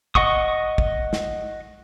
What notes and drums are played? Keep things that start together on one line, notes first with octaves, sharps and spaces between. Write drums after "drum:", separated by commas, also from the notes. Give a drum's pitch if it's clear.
D#5 F#5 C#6 D#6, drum: kick
drum: kick
drum: snare